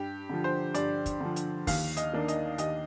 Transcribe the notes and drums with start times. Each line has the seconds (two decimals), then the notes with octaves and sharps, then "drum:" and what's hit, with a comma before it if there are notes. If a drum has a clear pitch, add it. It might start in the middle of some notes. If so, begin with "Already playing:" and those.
Already playing: G2 G4
0.29 D3 F3
0.44 C5
0.74 G2 D5, drum: hi-hat
1.06 drum: kick, hi-hat
1.21 D3 F3
1.36 drum: hi-hat
1.67 D#2 F5, drum: kick, open hi-hat
1.97 D#5, drum: hi-hat
2.13 D#3 A#3 D4
2.28 D#5, drum: hi-hat
2.58 D#2 D#5, drum: hi-hat